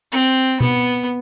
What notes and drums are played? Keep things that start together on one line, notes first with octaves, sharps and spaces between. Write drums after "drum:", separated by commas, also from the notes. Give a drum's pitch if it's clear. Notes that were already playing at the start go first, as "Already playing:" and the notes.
C4, drum: hi-hat
B3, drum: tom B2